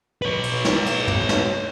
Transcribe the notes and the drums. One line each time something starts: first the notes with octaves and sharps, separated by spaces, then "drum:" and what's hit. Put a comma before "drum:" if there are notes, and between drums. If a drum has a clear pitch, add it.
B4 C#5
drum: cymbal
drum: snare
drum: cymbal
drum: tom
drum: snare